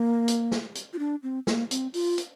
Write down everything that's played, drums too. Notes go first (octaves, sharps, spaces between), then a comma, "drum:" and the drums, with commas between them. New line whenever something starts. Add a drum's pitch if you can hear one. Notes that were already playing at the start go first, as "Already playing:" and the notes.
Already playing: A#3
drum: hi-hat
drum: snare
drum: hi-hat
F4
D4
C4
A#3, drum: snare
C4, drum: hi-hat
F4, drum: open hi-hat
drum: hi-hat